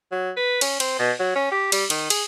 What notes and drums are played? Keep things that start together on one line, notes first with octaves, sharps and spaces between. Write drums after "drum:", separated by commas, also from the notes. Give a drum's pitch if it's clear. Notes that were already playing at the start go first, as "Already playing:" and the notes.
F#3
B4
C#4, drum: cymbal
C4, drum: cymbal
B2
F#3
C#4
G4
G3, drum: cymbal
D#3, drum: cymbal
G#4, drum: cymbal